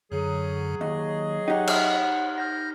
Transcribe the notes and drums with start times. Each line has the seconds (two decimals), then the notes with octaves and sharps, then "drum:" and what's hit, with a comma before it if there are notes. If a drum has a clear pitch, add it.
0.12 F#2 D3 F#3 G#4
0.81 D#2 D#5
1.48 D#4 G4 F#5
1.67 drum: cymbal
2.38 F6 G6 A#6